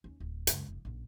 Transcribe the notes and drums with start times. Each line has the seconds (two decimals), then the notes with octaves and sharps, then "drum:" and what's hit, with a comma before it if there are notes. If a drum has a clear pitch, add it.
0.04 D#2 C#4
0.20 D1
0.47 C#2 F#2, drum: hi-hat
0.68 F1 F3
0.85 A#1 F#2